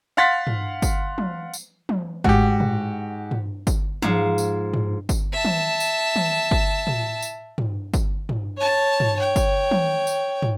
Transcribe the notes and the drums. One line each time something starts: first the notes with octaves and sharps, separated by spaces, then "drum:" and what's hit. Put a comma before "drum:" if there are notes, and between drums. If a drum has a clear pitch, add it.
F5 F#5 C6 A6 B6
drum: tom
drum: kick G1, tambourine
drum: tom
drum: tambourine
drum: tom
G#2 F#4 G4, drum: kick G1
drum: tom
drum: tom
drum: kick G1, tambourine
G#2 F3, drum: tom
drum: tambourine
drum: tom
drum: kick G1, tambourine
E5 A5
drum: tom
drum: tambourine
drum: tom
drum: kick G1
drum: tom
drum: tambourine
drum: tom
drum: kick G1, tambourine
drum: tom
C#5 A5
drum: tom
C#5 G5
drum: kick G1, tambourine
drum: tom
drum: tambourine
drum: tom